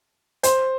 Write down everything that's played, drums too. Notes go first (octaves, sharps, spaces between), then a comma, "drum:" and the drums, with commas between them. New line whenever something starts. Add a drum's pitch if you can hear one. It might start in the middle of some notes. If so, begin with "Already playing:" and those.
C5, drum: hi-hat